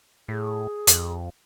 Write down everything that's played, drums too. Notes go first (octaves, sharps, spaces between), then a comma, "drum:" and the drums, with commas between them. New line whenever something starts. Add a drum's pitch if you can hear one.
A2 G#4
F2, drum: hi-hat